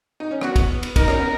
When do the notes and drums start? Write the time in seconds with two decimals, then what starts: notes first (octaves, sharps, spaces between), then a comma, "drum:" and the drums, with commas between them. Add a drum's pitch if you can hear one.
0.20 D#4
0.31 C#4
0.41 B3 F#4, drum: rim click
0.56 drum: kick, cymbal
0.83 drum: cymbal
0.96 D#4 A#4, drum: kick, cymbal
1.08 C#4, drum: rim click
1.19 B3